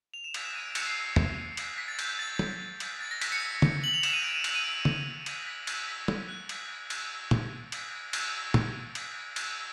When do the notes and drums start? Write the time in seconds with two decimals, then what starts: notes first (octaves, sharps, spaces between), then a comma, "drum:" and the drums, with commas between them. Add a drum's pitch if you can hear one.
0.14 F7
0.24 E7
0.34 F7, drum: cymbal
0.45 E7
0.55 D#7
0.65 D7
0.75 C#7, drum: cymbal
0.86 C7
1.16 drum: tom
1.57 drum: cymbal
1.78 B6
1.88 A6
1.99 G6, drum: cymbal
2.09 G6
2.19 A6
2.39 drum: tom F#3
2.80 drum: cymbal
3.01 A6
3.11 A#6
3.21 B6, drum: cymbal
3.32 C#7
3.62 drum: tom
3.84 F#7
3.94 F7
4.03 E7, drum: cymbal
4.13 D#7
4.24 D7
4.34 D#7
4.44 E7, drum: cymbal
4.55 D#7
4.65 D7
4.85 drum: tom
5.26 drum: cymbal
5.39 A#6
5.47 B6
5.67 drum: cymbal
5.88 B6
6.08 drum: tom F#3
6.29 F#6
6.49 drum: cymbal
6.90 drum: cymbal
7.31 drum: tom
7.72 drum: cymbal
8.13 drum: cymbal
8.54 drum: tom
8.95 drum: cymbal
9.36 drum: cymbal